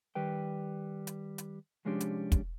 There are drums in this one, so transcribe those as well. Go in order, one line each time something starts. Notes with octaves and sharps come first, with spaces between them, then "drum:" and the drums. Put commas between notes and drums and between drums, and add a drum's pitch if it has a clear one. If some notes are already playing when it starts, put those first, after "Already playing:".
D#3 G3 B4 G5
drum: hi-hat
drum: hi-hat
C2 F3 G#3 C#4 D4 G4
drum: hi-hat
drum: kick, hi-hat